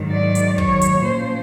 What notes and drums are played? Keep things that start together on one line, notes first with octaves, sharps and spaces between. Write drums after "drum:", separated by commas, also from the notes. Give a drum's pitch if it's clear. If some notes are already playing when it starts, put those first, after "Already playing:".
Already playing: G#2 D#3 F#3
D5
drum: hi-hat
C#5, drum: kick
drum: hi-hat
A#2 F3 A#3 C#4 C5